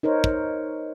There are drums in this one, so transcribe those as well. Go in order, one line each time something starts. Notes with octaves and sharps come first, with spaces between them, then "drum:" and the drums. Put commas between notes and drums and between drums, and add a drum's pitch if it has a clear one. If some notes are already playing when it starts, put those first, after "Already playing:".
D#4 A#4 C5 C#5
drum: kick